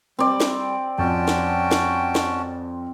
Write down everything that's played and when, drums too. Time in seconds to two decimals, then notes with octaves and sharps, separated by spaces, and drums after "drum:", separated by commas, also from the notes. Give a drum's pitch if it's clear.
0.19 G3 C4 D5
0.40 drum: snare
0.98 F2 C#4 F#4 G5 A5
1.28 drum: snare
1.71 drum: snare
2.15 drum: snare